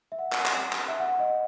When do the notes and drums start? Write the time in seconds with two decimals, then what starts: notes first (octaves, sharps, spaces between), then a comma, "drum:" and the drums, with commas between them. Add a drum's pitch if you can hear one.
0.12 E5
0.19 F#5
0.32 drum: clap
0.46 drum: clap
0.72 drum: clap
0.88 E5
1.00 F#5
1.19 D#5